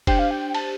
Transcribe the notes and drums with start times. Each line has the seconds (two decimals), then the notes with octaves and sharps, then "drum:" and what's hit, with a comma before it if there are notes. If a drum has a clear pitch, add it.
0.07 D4 G4 C5 G5, drum: kick F1, cymbal
0.19 F5
0.31 G5
0.54 A5, drum: cymbal